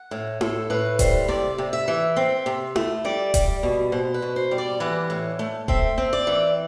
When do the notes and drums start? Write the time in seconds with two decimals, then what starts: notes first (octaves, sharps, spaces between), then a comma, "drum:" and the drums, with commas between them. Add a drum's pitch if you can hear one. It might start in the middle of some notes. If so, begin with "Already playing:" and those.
Already playing: F#5
0.11 A2
0.41 A2 A4, drum: tom E4
0.70 A2 B4
0.99 G3 C5, drum: kick D#1, hi-hat
1.28 C3 D5
1.58 C3
1.73 E5
1.88 E3
2.16 C4
2.46 C3
2.76 A3, drum: tom E4
3.05 G3 D5
3.34 G3, drum: kick D#1, hi-hat
3.63 B2
3.92 B2 C5
4.14 B4
4.22 B2
4.36 C5
4.51 G3
4.58 D5
4.80 E3 F#5
5.10 A2
5.39 A3
5.68 C4 E5, drum: kick D#1
5.98 C4
6.13 D5
6.27 E3